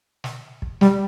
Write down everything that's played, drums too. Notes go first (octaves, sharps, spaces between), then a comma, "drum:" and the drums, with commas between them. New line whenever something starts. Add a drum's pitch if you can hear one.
drum: snare
drum: kick
G3, drum: snare